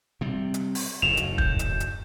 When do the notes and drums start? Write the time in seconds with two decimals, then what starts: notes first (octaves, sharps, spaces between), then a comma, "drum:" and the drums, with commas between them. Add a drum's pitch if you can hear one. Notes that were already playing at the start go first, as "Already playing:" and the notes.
0.21 C3 G3
0.54 drum: hi-hat
0.75 drum: open hi-hat
1.02 F#1 D#2 A2 E7 F7
1.17 drum: hi-hat
1.38 G6, drum: kick
1.59 drum: hi-hat
1.80 drum: hi-hat